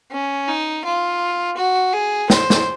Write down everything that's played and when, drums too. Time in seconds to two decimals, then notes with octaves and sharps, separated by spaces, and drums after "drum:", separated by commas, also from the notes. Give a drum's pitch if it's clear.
0.11 C#4
0.47 D#4
0.85 F4
1.57 F#4
1.93 G#4
2.30 C5, drum: snare
2.50 drum: snare